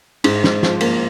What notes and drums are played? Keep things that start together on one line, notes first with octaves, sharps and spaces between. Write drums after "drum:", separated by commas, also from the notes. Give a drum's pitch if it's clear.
G#2, drum: cymbal
G#2, drum: snare
F3, drum: snare
A#3, drum: cymbal